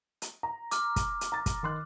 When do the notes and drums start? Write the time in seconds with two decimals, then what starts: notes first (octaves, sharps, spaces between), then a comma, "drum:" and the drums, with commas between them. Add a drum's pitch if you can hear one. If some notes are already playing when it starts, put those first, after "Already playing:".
0.22 drum: hi-hat
0.43 A#5
0.71 D6 F6, drum: hi-hat
0.96 drum: kick, hi-hat
1.21 drum: hi-hat
1.32 A#5 A6
1.46 drum: kick, hi-hat
1.63 D#3 C6 F#6